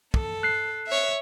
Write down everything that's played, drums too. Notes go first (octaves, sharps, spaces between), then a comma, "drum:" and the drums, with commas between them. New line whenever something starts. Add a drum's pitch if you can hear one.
A4, drum: kick
F#6 C7
C#5 E5